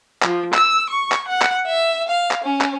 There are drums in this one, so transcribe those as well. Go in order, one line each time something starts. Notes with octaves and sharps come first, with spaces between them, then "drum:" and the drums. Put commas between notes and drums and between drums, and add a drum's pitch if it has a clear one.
F3, drum: clap
E6, drum: clap
C#6
drum: clap
F#5
drum: clap
E5
F5
drum: clap
C#4
drum: clap